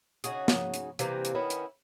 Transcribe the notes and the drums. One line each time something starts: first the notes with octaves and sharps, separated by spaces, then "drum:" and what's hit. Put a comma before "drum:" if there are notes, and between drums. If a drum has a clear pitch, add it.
C#3 D#4 F#4 G#4, drum: hi-hat
drum: snare
drum: hi-hat
C3 E3 G3 A#3, drum: hi-hat
drum: hi-hat
D#3 B3 C#4 E4
drum: hi-hat